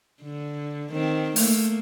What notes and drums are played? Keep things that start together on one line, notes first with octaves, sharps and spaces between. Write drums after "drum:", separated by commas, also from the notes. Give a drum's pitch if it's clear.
D3
D#3 C4
A3 A#3, drum: open hi-hat